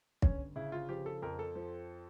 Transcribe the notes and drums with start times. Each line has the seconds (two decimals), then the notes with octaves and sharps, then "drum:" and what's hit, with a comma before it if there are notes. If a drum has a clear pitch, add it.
0.22 G1 C#4, drum: kick
0.56 C#3 E4
0.72 F4
0.89 F3 G4
1.06 A4
1.22 F2 A#4
1.39 A4
1.56 F3